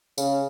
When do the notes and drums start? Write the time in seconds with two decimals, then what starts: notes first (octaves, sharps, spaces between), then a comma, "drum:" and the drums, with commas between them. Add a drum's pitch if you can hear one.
0.18 C#3, drum: tambourine